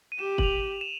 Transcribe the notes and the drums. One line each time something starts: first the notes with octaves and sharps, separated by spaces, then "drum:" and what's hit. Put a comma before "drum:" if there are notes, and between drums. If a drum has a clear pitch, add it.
D#7
G4 E7
F#7, drum: kick
F7
E7